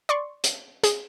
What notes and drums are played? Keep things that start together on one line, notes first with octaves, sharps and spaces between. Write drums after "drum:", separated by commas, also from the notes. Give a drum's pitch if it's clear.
D5 C6 C#6
drum: hi-hat
G#4, drum: hi-hat